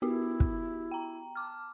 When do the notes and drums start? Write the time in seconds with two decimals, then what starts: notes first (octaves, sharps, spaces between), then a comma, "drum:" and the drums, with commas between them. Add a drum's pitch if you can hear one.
0.02 B3 E4 F#4 G4
0.40 drum: kick
0.91 G5 A#5
1.36 A5 D6 F6